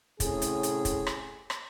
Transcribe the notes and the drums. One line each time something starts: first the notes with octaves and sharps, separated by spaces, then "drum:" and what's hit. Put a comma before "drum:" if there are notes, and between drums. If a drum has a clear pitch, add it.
A2 C3 C#4 G#4, drum: kick, hi-hat
drum: hi-hat
drum: hi-hat
drum: kick, hi-hat
drum: rim click
drum: rim click